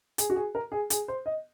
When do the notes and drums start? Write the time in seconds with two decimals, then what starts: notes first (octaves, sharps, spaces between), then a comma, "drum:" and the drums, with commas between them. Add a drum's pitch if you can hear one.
0.18 G#4, drum: hi-hat
0.30 F#4
0.36 G#4
0.55 A#4
0.72 G#4
0.90 G#4, drum: hi-hat
1.08 C5
1.26 D#5